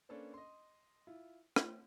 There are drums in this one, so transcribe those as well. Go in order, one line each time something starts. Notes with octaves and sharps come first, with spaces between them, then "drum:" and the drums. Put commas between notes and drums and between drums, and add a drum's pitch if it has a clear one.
A#3 C#4 D4 A4 B4 C5
D#5 C6
E4 F4
C4, drum: rim click